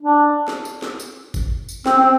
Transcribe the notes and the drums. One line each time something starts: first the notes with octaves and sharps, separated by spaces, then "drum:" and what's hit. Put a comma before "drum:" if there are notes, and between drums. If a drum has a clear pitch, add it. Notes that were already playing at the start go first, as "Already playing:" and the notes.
D4
drum: snare
drum: tambourine
drum: snare
drum: tambourine
drum: kick, tambourine
drum: tambourine
C4, drum: snare
C4